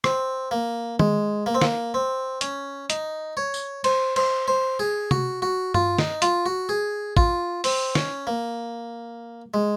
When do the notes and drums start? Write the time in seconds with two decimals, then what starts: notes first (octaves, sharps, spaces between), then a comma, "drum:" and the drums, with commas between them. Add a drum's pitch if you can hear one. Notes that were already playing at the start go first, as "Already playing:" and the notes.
0.04 C4, drum: rim click
0.51 A#3
1.00 G#3, drum: tom
1.46 A#3
1.55 C4
1.61 A#3, drum: snare
1.94 C4
2.41 C#4, drum: hi-hat
2.90 D#4, drum: hi-hat
3.37 C#5
3.54 drum: tambourine
3.84 C5, drum: cymbal
4.16 C5, drum: cymbal
4.48 C5
4.79 G#4
5.11 F#4, drum: tom C3
5.42 F#4
5.74 F4, drum: tom G2
5.99 D#4, drum: snare
6.22 F4, drum: hi-hat
6.46 F#4
6.69 G#4
7.17 F4, drum: kick A1
7.64 C4, drum: open hi-hat
7.95 C#4, drum: snare
8.27 A#3
9.54 G#3